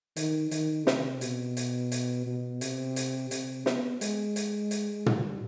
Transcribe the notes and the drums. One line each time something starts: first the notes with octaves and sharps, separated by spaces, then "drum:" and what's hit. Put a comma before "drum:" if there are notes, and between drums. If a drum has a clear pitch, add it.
D#3, drum: hi-hat
D#3, drum: hi-hat
C3, drum: snare
B2, drum: hi-hat
drum: hi-hat
drum: hi-hat
B2
C3, drum: hi-hat
drum: hi-hat
C3, drum: hi-hat
B3, drum: snare
G#3, drum: hi-hat
drum: hi-hat
drum: hi-hat
G3, drum: tom